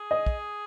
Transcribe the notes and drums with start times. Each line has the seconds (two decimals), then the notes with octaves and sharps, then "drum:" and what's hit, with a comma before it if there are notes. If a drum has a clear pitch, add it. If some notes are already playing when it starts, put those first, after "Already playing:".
Already playing: G#4
0.11 D#5
0.26 drum: kick